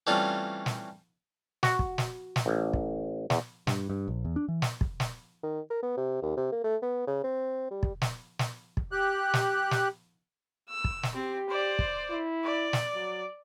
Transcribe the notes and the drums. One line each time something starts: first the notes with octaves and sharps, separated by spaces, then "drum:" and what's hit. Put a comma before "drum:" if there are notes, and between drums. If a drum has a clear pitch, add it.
E3 G3 A3 C4 C#4 F4
drum: snare
F#4, drum: snare
drum: kick
drum: snare
drum: snare
A1
drum: kick
E2, drum: snare
G2, drum: snare
G2
A#1
E2
D4
E3
drum: snare
drum: kick
drum: snare
D#3
A#4
B3
C3
D#2
C3
A#3
A3
B3
C#3
C4
G3
drum: kick
drum: snare
drum: snare
drum: kick
G4 F#6
drum: snare
drum: snare
E6
drum: kick
drum: snare
C4 G4
C5 D5
drum: kick
E4
D5
drum: snare
F#3